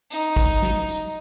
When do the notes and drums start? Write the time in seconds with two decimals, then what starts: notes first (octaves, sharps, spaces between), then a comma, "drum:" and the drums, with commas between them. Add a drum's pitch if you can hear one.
0.11 D#4, drum: tambourine
0.36 drum: kick, tambourine
0.62 drum: snare
0.89 drum: tambourine